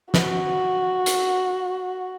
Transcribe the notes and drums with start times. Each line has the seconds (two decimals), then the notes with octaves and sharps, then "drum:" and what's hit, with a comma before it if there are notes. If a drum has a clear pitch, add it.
0.14 F#4, drum: snare
1.06 drum: hi-hat